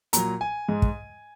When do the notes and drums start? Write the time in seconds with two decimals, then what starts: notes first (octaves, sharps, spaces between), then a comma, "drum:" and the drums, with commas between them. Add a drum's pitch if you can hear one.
0.13 A#2 F#3 A#5, drum: hi-hat
0.41 G#5
0.68 G#2 G#3
0.82 drum: kick